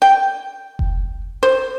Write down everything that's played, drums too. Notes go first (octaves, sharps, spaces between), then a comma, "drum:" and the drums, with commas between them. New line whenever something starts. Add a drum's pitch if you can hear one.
G5
drum: kick F1
C5